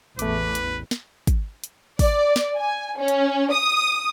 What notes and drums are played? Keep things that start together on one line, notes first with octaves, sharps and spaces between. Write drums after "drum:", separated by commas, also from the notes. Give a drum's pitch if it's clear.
A1 E2 A3 B4 D6, drum: hi-hat
drum: hi-hat
drum: snare
drum: kick, hi-hat
drum: hi-hat
D5, drum: kick, open hi-hat
drum: snare
G#5
C#4
drum: hi-hat
D#6